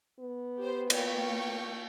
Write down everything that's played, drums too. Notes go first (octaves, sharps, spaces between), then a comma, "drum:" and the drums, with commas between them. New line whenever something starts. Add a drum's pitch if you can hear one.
B3
G4 C5
A#3 G5 C#6, drum: cymbal